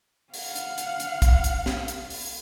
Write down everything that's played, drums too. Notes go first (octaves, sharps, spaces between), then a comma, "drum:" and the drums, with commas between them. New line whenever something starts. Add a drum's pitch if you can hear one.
F5 F#5, drum: open hi-hat
drum: hi-hat
drum: hi-hat
drum: hi-hat
drum: kick, hi-hat
drum: hi-hat
drum: snare
drum: hi-hat
drum: open hi-hat